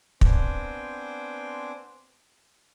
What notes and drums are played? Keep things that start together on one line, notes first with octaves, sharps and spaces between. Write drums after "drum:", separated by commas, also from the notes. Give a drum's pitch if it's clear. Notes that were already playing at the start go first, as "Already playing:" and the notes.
B3 C4 D4 C5 G5 G#5, drum: kick